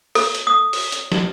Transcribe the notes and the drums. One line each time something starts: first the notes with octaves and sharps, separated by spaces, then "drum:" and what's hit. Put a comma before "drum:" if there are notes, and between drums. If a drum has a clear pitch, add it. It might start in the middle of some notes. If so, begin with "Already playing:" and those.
A4, drum: open hi-hat
drum: hi-hat
D#6
drum: open hi-hat
drum: hi-hat
drum: snare